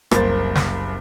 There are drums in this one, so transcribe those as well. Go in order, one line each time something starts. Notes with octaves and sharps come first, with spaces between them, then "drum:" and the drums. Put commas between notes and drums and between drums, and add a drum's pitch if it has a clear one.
F#1 C2 A#3 A#4 C5 A6, drum: rim click
drum: snare